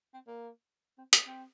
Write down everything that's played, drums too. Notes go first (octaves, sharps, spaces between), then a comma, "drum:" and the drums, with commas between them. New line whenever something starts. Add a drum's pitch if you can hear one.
C4
A#3
C4
A#3, drum: hi-hat
C4